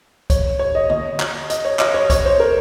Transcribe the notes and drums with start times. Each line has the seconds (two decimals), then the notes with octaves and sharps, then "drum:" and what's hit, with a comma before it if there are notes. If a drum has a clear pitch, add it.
0.30 C#5, drum: kick C2, hi-hat
0.59 C#5
0.75 D#5
0.90 D#5, drum: tom D3
1.20 drum: clap
1.50 D#5, drum: hi-hat
1.65 C#5
1.79 D#5, drum: clap
1.94 C#5
2.10 C#5, drum: kick C2, hi-hat
2.25 C5
2.40 A#4